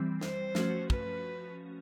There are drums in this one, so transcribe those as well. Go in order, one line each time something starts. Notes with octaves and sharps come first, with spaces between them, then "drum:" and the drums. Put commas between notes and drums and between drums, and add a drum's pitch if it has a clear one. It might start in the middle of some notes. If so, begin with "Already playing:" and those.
Already playing: E3 G3 C4
C5, drum: snare
F3 A3 C#4 F#4, drum: snare
B4, drum: kick